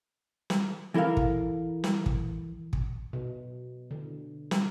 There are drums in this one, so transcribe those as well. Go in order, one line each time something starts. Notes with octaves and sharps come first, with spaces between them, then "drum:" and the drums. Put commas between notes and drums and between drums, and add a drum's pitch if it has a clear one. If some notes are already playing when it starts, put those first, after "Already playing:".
drum: snare
E3 E4 A4 A#4 F5
drum: kick
drum: snare
drum: kick
drum: kick
B2
D3
drum: snare